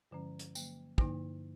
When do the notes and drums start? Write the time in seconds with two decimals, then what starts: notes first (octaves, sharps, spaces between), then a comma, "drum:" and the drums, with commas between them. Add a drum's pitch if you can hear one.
0.11 G2 D3 F3 G#3 C#4
0.39 drum: hi-hat
0.55 D3 F#3 A#3, drum: tambourine
0.98 G2 D3 F3 A#3 D#4, drum: kick